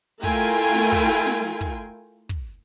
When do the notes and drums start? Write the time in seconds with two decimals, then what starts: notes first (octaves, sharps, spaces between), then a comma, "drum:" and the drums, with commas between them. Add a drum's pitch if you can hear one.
0.23 A3 E4 F4 A#4 G5 G#5, drum: kick
0.75 drum: snare
0.92 drum: kick
1.26 drum: snare
1.61 drum: kick
2.29 drum: kick